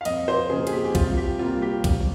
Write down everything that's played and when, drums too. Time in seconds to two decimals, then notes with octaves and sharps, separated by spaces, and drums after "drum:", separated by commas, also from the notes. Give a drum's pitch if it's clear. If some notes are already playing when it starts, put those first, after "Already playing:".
0.01 F5
0.05 F2 D#5, drum: cymbal
0.28 C5
0.50 C#3 F3 A#3 G#4
0.67 G#4, drum: cymbal
0.72 G4
0.84 G4
0.95 C2 F4, drum: kick A#1, cymbal
1.17 G4
1.39 C3 G3 A#3 F4
1.62 G4
1.84 G#1, drum: kick A#1, cymbal